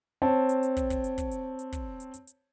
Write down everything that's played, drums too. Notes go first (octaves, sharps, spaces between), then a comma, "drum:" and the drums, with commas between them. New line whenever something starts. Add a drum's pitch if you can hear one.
C4 C#5 A5
drum: hi-hat
drum: hi-hat
drum: kick, hi-hat
drum: kick, hi-hat
drum: hi-hat
drum: kick, hi-hat
drum: hi-hat
drum: hi-hat
drum: kick, hi-hat
drum: hi-hat
drum: hi-hat
drum: hi-hat